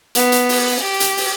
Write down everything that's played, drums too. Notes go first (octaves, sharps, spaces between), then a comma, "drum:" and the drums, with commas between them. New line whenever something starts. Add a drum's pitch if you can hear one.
B3, drum: hi-hat
drum: hi-hat
drum: open hi-hat
G4
drum: hi-hat
drum: open hi-hat